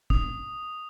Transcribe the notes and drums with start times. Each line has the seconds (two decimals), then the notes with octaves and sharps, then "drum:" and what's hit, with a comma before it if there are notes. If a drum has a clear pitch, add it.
0.10 D#6, drum: kick